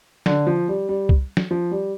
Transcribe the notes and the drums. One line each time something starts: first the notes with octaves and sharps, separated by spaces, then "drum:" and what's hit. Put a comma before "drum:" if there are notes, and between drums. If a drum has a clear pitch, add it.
D3, drum: snare
F3
G3
G3
drum: kick C2
drum: snare
F3
G3